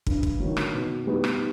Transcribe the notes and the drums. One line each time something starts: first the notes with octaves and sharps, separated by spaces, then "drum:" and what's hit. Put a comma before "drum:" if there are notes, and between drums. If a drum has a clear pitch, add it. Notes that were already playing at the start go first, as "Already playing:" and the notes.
G2, drum: kick
drum: kick
D#3 F#3
drum: rim click
B2
G3 B3 D#4
drum: rim click